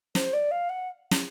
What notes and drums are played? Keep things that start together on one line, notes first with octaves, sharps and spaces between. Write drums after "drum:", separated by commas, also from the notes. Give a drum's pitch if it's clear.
C5, drum: snare
D5
F5
F#5
drum: snare